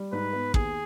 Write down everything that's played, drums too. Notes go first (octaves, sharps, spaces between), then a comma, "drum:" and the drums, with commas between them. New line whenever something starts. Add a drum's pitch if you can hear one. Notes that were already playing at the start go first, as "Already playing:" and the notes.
Already playing: G3
G#2 B4
B3
D#2 G#4, drum: kick